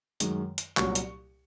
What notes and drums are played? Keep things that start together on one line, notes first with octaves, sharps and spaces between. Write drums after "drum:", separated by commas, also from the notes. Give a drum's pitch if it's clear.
F#2 D#3 G#3, drum: hi-hat
drum: hi-hat
C2 A#2 F#3 C#4 C#6, drum: clap
drum: hi-hat